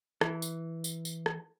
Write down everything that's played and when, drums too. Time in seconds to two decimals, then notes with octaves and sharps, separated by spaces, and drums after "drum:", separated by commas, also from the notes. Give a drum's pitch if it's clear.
0.21 E3, drum: rim click
0.42 drum: tambourine
0.84 drum: tambourine
1.05 drum: tambourine
1.26 drum: rim click